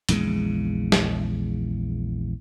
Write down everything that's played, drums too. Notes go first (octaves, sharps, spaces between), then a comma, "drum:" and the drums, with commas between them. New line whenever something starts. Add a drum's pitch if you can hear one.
A#1 E2 C#3 G#3, drum: hi-hat
drum: snare